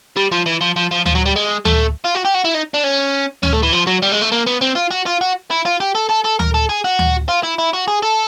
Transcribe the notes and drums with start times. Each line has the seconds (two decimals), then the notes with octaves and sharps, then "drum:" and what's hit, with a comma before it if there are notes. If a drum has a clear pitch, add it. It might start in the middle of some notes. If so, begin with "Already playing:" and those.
0.17 G3
0.32 F3
0.46 E3
0.61 F3
0.76 F3
0.91 F3
1.06 F3, drum: tom D2
1.15 F#3
1.26 G3
1.36 G#3
1.65 A3, drum: tom D2
2.04 F4
2.15 F#4
2.25 G4
2.34 F#4
2.44 E4
2.54 D#4
2.74 D4
2.84 C#4
3.43 C#4, drum: tom D2
3.53 A3
3.63 E3
3.72 F3
3.87 F#3
4.02 G3
4.12 G#3
4.22 A3
4.32 A#3
4.47 B3
4.62 C4
4.76 F4
4.91 F#4
5.06 F4
5.21 F#4
5.50 E4
5.65 F4
5.80 G4
5.95 A4
6.10 A4
6.25 A4
6.39 A#4, drum: tom D2
6.54 A4
6.69 G#4
6.84 F#4
6.99 drum: tom D2
7.28 F4
7.43 E4
7.58 E4
7.73 F#4
7.88 G#4
8.03 A4